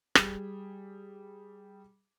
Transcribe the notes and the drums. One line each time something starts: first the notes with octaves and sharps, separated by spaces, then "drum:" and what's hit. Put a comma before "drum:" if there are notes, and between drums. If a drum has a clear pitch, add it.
G3 G#4, drum: rim click